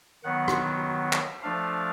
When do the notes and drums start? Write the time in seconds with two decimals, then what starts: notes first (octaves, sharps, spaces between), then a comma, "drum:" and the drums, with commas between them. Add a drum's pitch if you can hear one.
0.24 D#3 F#3 B3 F#5
0.48 drum: rim click
1.13 drum: clap
1.43 F3 A3 D4 F5